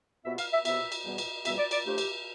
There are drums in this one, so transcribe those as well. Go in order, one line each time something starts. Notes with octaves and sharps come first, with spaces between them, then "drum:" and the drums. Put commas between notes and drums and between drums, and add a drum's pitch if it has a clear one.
C2 B2 B3 F4 E5
F5, drum: cymbal
E5
C2 B2 B3 F4 E5, drum: cymbal
drum: cymbal
E2 B2 G3 B3
drum: cymbal
E2 B2 G3 B3 E5, drum: cymbal
D5
D5, drum: cymbal
A2 F3 A3 D4 F4 G4
drum: cymbal